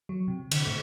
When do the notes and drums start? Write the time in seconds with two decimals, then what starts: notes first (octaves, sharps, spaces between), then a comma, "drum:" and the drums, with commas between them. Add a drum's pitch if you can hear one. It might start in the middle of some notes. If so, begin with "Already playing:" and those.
0.09 F#3
0.28 C3
0.51 D3, drum: cymbal
0.67 A2